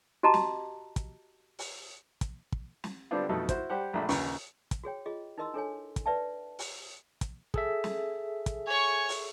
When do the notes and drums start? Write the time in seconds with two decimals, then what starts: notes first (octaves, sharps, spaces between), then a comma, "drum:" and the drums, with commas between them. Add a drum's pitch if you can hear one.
0.23 F#4 G4 D#5 A5 A#5 D6
0.34 drum: snare
0.96 drum: kick, hi-hat
1.59 drum: open hi-hat
2.21 drum: kick, hi-hat
2.52 drum: kick
2.84 drum: snare
3.11 D3 G3 B3 C4 D4 F4
3.29 F2 B2 A3 D#4 A4
3.49 E4 F#4 C5, drum: kick, hi-hat
3.70 G3 G4 C5 F#5
3.93 A#1 G#3 A3 D4 B5
4.09 A#1 D#2 C#3 B4 C#6, drum: open hi-hat
4.71 drum: kick, hi-hat
4.84 F#4 G#4 C#5 G5
5.06 F4 G#4 D#5
5.38 D#4 E4 A#4 D#5 C6 E6
5.54 D4 A4 C#5 G#5
5.96 drum: kick, hi-hat
6.06 B4 D5 E5 G5 A5
6.59 drum: open hi-hat
7.21 drum: kick, hi-hat
7.54 G#4 A4 E5, drum: kick
7.84 drum: snare
8.46 drum: kick, hi-hat
8.67 C#5 G#5 C#6
9.09 drum: open hi-hat